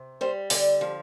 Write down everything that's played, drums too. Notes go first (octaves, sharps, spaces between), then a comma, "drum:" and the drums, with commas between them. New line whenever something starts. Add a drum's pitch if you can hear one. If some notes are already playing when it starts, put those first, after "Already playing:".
Already playing: C3
G3 C5
D3 D5, drum: open hi-hat
F3